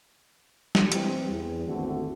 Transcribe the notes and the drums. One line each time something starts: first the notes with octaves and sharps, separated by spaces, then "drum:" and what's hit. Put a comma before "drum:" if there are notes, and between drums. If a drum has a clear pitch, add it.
drum: snare
E3 G3 C4, drum: hi-hat
E2
G#1 D#2 D3 A3 C4 F#4